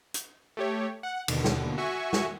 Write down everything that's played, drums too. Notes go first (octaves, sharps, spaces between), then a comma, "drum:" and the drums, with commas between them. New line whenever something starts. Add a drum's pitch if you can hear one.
drum: hi-hat
A3 G4 C#5
F#5
D#2 B2 D3, drum: cymbal
drum: snare
F#4 E5 G#5 C#6
drum: snare